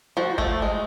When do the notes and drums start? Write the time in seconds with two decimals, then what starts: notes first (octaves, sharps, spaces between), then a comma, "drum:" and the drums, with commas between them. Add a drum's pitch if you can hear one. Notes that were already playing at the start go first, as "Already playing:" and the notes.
0.17 F3 F#4
0.38 A3, drum: kick
0.62 G#3